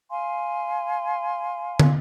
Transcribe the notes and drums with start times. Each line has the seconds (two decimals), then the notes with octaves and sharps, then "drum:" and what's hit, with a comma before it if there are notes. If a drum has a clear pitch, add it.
0.10 F5 G#5 C6
1.80 drum: tom